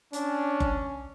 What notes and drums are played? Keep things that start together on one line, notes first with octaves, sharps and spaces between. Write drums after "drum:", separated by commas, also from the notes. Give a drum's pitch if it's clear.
C#4 D4, drum: hi-hat
drum: kick F#1